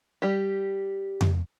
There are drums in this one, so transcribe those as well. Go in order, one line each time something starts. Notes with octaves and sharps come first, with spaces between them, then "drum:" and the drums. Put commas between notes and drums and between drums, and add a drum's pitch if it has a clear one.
G3 G4
drum: tom F2